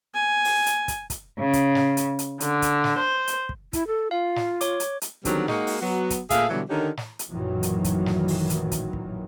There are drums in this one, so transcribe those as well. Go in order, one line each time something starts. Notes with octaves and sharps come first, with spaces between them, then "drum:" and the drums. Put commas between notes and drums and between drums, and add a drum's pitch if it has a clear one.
G#5
drum: open hi-hat
drum: hi-hat
drum: kick, hi-hat
drum: kick, hi-hat
C#3
drum: kick, hi-hat
drum: snare
drum: hi-hat
drum: hi-hat
D3, drum: hi-hat
drum: kick, hi-hat
drum: snare
C5
drum: hi-hat
drum: kick
E4, drum: kick, hi-hat
A4
F4 F5
drum: snare
C#5 D6, drum: hi-hat
drum: hi-hat
drum: hi-hat
D3 D#3 F#3 G3 B3 C4, drum: kick, hi-hat
G#3 A#3 D#4 F#4, drum: snare
drum: open hi-hat
F#3 B3 F#4
drum: kick, hi-hat
A#2 A3 G#4 E5 F5, drum: kick, hi-hat
B2 D3 E3 F#3 G3
D3 D#3 C#4 D#4 G4 A#4
drum: snare
drum: hi-hat
A1 F#2 A#2 D#3 E3 F#3
drum: hi-hat
drum: kick, hi-hat
drum: snare
drum: open hi-hat
drum: hi-hat
drum: kick, hi-hat
drum: kick